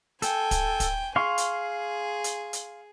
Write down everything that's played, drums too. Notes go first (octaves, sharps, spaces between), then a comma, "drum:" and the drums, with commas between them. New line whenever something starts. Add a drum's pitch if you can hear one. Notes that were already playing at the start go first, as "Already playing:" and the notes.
A4 G5 G#5, drum: hi-hat
drum: kick, hi-hat
drum: kick, hi-hat
G#4 F5 C6 C#6
drum: hi-hat
drum: hi-hat
drum: hi-hat